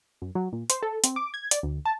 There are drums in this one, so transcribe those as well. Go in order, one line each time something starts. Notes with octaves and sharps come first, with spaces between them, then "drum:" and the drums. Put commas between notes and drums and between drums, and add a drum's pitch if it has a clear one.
F#2
F#3
A#2
C5, drum: hi-hat
A4
C4, drum: hi-hat
D6
G#6
D5, drum: hi-hat
D2
A5